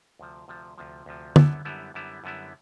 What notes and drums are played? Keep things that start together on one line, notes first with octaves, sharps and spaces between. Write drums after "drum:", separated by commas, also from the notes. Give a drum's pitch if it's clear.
D2 C3 F3
D2 C3 F3
D2 C3 F3
D2 C3 F3
F#2 D3 G3 B3 E4, drum: tom
F#2 D3 G3 B3 E4
F#2 D3 G3 B3 E4
F#2 D3 G3 B3 E4